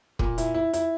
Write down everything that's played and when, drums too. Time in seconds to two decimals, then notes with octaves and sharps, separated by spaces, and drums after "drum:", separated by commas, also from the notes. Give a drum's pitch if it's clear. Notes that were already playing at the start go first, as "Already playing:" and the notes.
0.19 A#2, drum: kick
0.38 E4, drum: hi-hat
0.54 E4
0.73 E4, drum: hi-hat